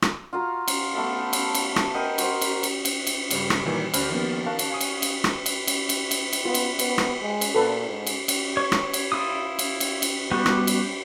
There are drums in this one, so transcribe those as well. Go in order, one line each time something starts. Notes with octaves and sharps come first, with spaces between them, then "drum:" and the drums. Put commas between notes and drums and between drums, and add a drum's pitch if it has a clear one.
drum: rim click
F4 F#4 F5 A#5
drum: cymbal
A3 B3 F5 A5
drum: cymbal
drum: cymbal
drum: rim click
A#4 D#5 F#5 G5
F#4 C5, drum: cymbal
drum: cymbal
drum: cymbal
drum: cymbal
drum: cymbal
G2 C#3 G3, drum: cymbal
drum: rim click
A#2 D#3 E3 F#3 G3 A#3
D2 C#4 D4 C5 B5 F6, drum: cymbal
D#3 F3 A#3 B3
D#3 A#4 F5 A5 C#6 F#6
drum: cymbal
F5 G#5 C#6 D#6
drum: cymbal
drum: cymbal
drum: rim click
drum: cymbal
drum: cymbal
drum: cymbal
drum: cymbal
drum: cymbal
B3 F4
drum: cymbal
B3, drum: cymbal
drum: rim click
G#3
drum: cymbal
A#2 A4 B4
G#2
drum: cymbal
drum: cymbal
C#5
drum: rim click
drum: cymbal
E4 F4 D#6
drum: cymbal
drum: cymbal
drum: cymbal
G3 B3 F#4 G4
drum: rim click
drum: cymbal